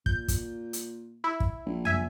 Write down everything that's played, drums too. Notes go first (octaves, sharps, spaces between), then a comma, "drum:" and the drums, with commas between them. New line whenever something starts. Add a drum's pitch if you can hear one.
A#2 G6, drum: kick
drum: kick, hi-hat
drum: hi-hat
E4
drum: kick
A#1
E5 G#5, drum: tom F2